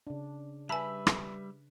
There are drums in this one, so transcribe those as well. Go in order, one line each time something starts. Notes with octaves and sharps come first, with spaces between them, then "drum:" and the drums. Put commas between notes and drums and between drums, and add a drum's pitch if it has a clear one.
C#3 D4
G3 B4 E5 G#5 A5 B5 E6
drum: rim click